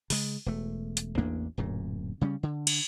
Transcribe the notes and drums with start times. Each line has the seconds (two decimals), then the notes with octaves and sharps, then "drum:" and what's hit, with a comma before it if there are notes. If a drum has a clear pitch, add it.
0.10 C#3 G#3, drum: open hi-hat
0.46 E1 A3
0.97 drum: hi-hat
1.18 A1 E2 A#3 D4
1.58 D1 F#2 A#2
2.21 C#3 G3 A3 C#4
2.43 D3
2.67 drum: cymbal